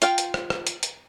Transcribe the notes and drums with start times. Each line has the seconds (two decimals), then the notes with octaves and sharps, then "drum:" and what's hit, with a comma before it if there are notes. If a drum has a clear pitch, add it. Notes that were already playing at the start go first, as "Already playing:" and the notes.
0.02 F4 F5 G5, drum: hi-hat
0.18 drum: hi-hat
0.34 drum: rim click
0.50 drum: rim click
0.67 drum: hi-hat
0.83 drum: hi-hat